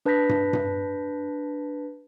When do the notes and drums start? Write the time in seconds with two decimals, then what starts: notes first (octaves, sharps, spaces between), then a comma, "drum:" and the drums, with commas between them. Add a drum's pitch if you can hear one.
0.06 D4 B4 A5 G6 A#6 B6
0.29 drum: tom G2
0.53 drum: tom G2